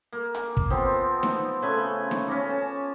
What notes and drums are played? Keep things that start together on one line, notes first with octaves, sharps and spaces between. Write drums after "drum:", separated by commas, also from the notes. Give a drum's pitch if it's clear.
A#3
drum: hi-hat
drum: kick
F3 B3 C4
drum: snare D#4
C#3 A3 B4 G#5
drum: snare D#4
C#4 A#5 D6
A5